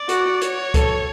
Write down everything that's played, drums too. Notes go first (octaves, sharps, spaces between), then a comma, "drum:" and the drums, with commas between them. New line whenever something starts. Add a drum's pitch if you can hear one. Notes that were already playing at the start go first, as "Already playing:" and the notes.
Already playing: D5
F#4, drum: hi-hat
C#5, drum: hi-hat
A4, drum: kick C#2, hi-hat